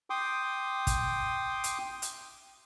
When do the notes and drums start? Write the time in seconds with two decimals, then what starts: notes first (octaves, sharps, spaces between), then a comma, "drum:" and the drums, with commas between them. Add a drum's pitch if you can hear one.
0.10 G5 C6 D6 D#6
0.87 drum: kick, hi-hat
1.64 drum: hi-hat
2.02 drum: hi-hat